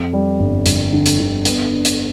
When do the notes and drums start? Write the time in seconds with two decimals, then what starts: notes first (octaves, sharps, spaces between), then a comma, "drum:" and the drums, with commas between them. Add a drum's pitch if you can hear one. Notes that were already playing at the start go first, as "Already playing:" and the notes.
Already playing: F2
0.13 G3
0.40 G1
0.66 G1, drum: hi-hat
0.92 D3
1.06 drum: hi-hat
1.19 D3
1.45 B3, drum: hi-hat
1.72 D4
1.85 drum: hi-hat